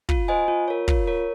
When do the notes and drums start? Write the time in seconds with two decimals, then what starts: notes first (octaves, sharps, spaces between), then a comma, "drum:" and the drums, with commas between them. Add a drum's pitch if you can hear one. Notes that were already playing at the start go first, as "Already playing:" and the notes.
0.09 F4, drum: kick
0.28 C5 D#5 G#5
0.48 F4
0.68 A#4 C#5
0.88 F4, drum: kick
1.07 A#4 C#5